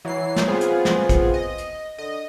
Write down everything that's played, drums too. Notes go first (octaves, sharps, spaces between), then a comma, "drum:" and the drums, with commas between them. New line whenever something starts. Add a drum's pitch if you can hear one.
E3 F#3 C7
drum: snare
B3 C4 F4 G#4
drum: hi-hat
drum: snare
drum: kick, hi-hat
D#5
drum: hi-hat
D3 D#5